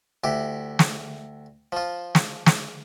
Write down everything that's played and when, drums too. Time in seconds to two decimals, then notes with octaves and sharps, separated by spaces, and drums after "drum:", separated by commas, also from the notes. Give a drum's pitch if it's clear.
0.24 D2 E4 G4
0.79 drum: snare
1.72 F3 F4
2.15 drum: snare
2.46 drum: snare